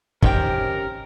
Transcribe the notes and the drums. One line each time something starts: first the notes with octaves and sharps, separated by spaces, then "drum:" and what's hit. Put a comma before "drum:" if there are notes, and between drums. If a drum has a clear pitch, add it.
D#3 C4 C#4 G4 A#4 G5, drum: kick